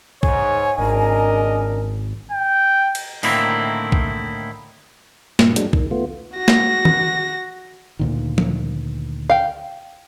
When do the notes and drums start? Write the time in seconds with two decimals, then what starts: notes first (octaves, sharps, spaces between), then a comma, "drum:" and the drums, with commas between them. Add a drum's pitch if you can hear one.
0.23 G#2 C#5 G#5, drum: kick
0.78 G#1 C#3 D4 A#4 D#5
2.32 G5
2.95 drum: cymbal
3.23 A2 D3 D#3 A#3 C4 E4, drum: open hi-hat
3.92 drum: kick
5.39 G2 A#2, drum: snare
5.56 F#3 G#3 D4, drum: hi-hat
5.73 D#3, drum: kick
5.91 A3 B3 F4
6.36 F#4 A#6
6.48 drum: snare
6.85 drum: tom
7.99 D2 A#2 D#3
8.38 drum: tom F3
9.30 F5 G5